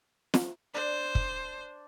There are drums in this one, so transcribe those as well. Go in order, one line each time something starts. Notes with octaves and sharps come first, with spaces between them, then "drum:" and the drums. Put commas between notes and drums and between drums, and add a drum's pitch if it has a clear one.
drum: snare
D4 C5
drum: kick